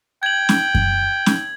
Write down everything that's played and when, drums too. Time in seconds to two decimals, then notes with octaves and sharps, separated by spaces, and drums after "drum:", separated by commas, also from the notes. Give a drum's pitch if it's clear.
0.23 G5 G#6 F#7
0.49 drum: snare C#4
0.75 drum: kick F#2
1.26 drum: snare C#4